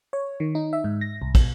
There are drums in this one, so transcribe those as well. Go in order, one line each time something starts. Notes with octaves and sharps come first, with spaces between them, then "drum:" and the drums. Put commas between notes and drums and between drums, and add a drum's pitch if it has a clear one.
C#5
D#3
D#4
E5
G#2
A#6
C2
B2, drum: kick, cymbal